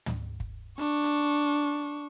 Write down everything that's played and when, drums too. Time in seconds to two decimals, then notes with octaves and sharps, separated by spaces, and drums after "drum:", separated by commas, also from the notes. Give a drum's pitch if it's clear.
0.06 drum: tom
0.40 drum: kick
0.79 D4 C#6, drum: hi-hat
1.04 drum: hi-hat